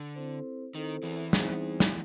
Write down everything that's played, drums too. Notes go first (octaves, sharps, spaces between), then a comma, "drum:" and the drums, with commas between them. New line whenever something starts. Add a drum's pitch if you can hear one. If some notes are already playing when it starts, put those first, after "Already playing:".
Already playing: D3
C4 E4 A4 C5
D#3 C4 E4 A4 C5
E2 E3
G3 C4 D#4 G#4 C5, drum: snare
drum: snare